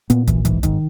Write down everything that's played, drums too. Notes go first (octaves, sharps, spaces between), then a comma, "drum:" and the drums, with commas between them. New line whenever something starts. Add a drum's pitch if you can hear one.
A#2 B3, drum: hi-hat
B1 E3, drum: kick, hi-hat
G#2 E3, drum: kick, hi-hat
G#2 D#3, drum: kick, hi-hat